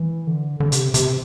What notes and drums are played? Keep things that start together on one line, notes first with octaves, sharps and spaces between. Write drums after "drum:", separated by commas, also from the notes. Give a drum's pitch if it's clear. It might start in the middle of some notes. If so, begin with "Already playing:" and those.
Already playing: E3
D3
D3
C3, drum: hi-hat
C3, drum: hi-hat